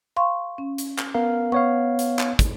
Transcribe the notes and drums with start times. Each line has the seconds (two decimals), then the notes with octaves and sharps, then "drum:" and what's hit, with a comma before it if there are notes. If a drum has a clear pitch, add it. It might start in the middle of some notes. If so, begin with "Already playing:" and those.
0.16 F5 C6 C#6
0.58 C#4
0.78 drum: hi-hat
0.98 drum: clap
1.15 B3 A#4 F5
1.52 B3 C#5 F5 C#6
1.99 drum: hi-hat
2.19 drum: clap
2.39 drum: kick, hi-hat